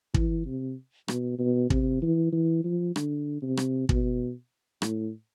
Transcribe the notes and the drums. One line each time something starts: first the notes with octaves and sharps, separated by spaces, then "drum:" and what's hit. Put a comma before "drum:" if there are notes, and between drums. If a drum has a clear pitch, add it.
E3, drum: kick
C3
B2, drum: rim click
B2
C3, drum: kick
E3
E3
F3
D3, drum: rim click
C3
drum: rim click
B2, drum: kick
A2, drum: rim click